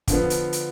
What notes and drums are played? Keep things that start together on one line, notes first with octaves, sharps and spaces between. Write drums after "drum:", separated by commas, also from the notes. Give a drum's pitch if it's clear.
D3 F3 B3, drum: kick, hi-hat
drum: hi-hat
drum: hi-hat